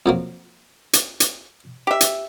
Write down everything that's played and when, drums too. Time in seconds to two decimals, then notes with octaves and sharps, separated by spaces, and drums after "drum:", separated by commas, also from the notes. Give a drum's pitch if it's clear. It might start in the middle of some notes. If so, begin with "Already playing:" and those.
0.06 F2 F#3 A#3
0.93 drum: hi-hat
1.20 drum: hi-hat
1.87 G4 E5
2.01 drum: hi-hat